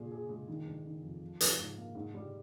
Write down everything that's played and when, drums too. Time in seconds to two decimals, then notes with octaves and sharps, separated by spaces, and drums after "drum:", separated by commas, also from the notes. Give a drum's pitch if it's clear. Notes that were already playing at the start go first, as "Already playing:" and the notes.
Already playing: A#2 G#4
0.12 G#4
0.29 G#3
0.48 D#3
0.66 G1
0.85 D#3
1.02 F2
1.21 F3
1.40 F3, drum: hi-hat
1.59 G#2
1.77 A#3
1.95 G#2
2.14 G3